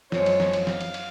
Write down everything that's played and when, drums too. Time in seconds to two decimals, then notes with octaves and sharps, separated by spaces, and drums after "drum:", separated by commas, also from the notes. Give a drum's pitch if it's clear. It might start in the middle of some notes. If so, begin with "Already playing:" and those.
0.12 F#2 F3 G#3 C#5, drum: snare
0.26 drum: cymbal
0.40 drum: snare
0.53 drum: cymbal
0.67 F5, drum: snare
0.81 drum: cymbal
0.94 drum: cymbal